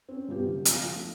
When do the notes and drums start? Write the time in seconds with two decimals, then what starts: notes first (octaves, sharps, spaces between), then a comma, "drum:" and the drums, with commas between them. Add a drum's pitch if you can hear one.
0.09 C4 C#4
0.28 G2 B2 B3 F4 G4
0.47 F#1
0.65 F3 F5, drum: hi-hat
0.96 A3